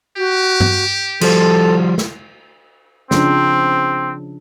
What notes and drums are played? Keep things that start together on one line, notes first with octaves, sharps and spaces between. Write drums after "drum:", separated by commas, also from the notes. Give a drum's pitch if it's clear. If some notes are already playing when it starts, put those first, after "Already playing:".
F#4 G4
drum: tom G2
F3 G3 A4 C5, drum: cymbal
drum: snare
C#3 F3 C4 D4, drum: snare